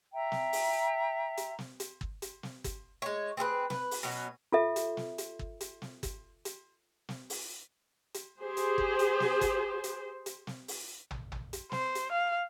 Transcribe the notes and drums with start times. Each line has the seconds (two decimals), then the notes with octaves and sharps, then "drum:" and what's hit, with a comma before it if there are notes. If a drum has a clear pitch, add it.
0.13 E5 G5 A#5
0.32 drum: snare
0.53 drum: open hi-hat
1.37 drum: hi-hat
1.59 drum: snare
1.80 drum: hi-hat
2.01 drum: kick
2.22 drum: hi-hat
2.43 drum: snare
2.64 drum: kick, hi-hat
3.02 G#3 C#5
3.37 C4 G#4 A4 B4
3.70 B4, drum: snare
3.91 drum: open hi-hat
4.03 B2 F#3 B3 C#4
4.52 F4 A4 E5
4.76 drum: hi-hat
4.97 drum: snare
5.18 drum: hi-hat
5.39 drum: kick
5.61 drum: hi-hat
5.82 drum: snare
6.03 drum: kick, hi-hat
6.45 drum: hi-hat
7.09 drum: snare
7.30 drum: open hi-hat
8.14 drum: hi-hat
8.40 G4 G#4 C5
8.57 drum: hi-hat
8.78 drum: kick
8.99 drum: hi-hat
9.20 drum: snare
9.41 drum: kick, hi-hat
9.84 drum: hi-hat
10.26 drum: hi-hat
10.47 drum: snare
10.68 drum: open hi-hat
11.11 drum: tom
11.32 drum: tom
11.53 drum: hi-hat
11.72 C5, drum: snare
11.95 drum: hi-hat
12.12 F5